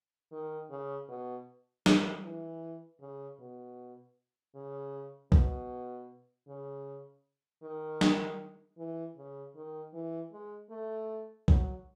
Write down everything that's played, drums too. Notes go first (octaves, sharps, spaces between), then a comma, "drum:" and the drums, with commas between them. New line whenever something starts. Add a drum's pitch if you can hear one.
D#3
C#3
B2
D#3, drum: snare G3
E3
C#3
B2
C#3
B2, drum: kick B1
C#3
D#3
drum: snare G3
E3
C#3
D#3
E3
G#3
A3
F#3, drum: kick B1